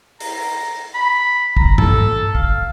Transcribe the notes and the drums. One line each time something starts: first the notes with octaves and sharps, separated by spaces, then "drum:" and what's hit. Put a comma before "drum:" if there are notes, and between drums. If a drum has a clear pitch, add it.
A#5, drum: open hi-hat
B5
A#5, drum: kick
A4, drum: tom G2
F5, drum: kick